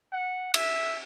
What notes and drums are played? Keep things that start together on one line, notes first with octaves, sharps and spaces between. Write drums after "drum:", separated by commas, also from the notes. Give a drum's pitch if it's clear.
F#5
E5, drum: cymbal